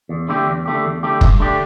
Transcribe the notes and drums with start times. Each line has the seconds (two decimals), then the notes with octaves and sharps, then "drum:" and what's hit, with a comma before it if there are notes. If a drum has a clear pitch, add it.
0.09 E2
0.29 D3 A3 G4
0.47 E2
0.65 D3 A3 G4
0.84 E2
1.03 D3 A3 G4
1.21 G2, drum: kick
1.40 D3 A3 D4 G4